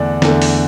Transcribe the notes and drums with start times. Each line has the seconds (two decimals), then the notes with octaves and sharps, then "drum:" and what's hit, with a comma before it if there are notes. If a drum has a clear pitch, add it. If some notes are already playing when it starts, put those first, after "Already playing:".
Already playing: E2 D3 A3 D4 D5
0.22 E2 D3 A3, drum: snare
0.42 drum: open hi-hat